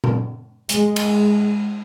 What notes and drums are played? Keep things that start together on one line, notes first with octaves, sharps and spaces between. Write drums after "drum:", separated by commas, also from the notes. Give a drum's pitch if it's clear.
drum: tom A#2
G#3, drum: hi-hat
drum: cymbal